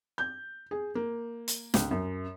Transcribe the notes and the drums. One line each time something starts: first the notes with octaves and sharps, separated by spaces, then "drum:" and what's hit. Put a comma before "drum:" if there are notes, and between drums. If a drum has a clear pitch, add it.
G6
G#4
A#3
drum: hi-hat
C#2, drum: snare
F#2